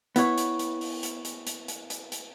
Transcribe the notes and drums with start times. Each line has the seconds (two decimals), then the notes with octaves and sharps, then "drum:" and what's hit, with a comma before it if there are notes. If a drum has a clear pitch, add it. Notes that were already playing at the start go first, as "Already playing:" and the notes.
0.16 B3 E4 C#5, drum: hi-hat
0.38 drum: hi-hat
0.59 drum: hi-hat
0.81 drum: open hi-hat
1.03 drum: hi-hat
1.25 drum: hi-hat
1.47 drum: hi-hat
1.68 drum: hi-hat
1.90 drum: hi-hat
2.12 drum: hi-hat